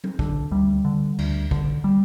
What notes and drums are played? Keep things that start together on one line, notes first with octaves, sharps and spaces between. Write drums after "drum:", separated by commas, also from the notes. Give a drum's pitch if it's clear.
drum: tom F#3
D3, drum: kick
D2 G3
D3
D2, drum: cymbal
D3, drum: kick
G3